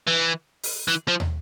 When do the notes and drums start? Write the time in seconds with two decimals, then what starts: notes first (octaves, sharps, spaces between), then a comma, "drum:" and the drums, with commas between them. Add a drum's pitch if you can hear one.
0.07 E3
0.63 drum: open hi-hat
0.88 E3
1.08 F3
1.20 drum: tom